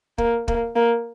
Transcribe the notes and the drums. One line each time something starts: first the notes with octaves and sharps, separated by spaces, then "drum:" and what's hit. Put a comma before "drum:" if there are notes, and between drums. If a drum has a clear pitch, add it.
A#3, drum: kick
A#3, drum: kick
A#3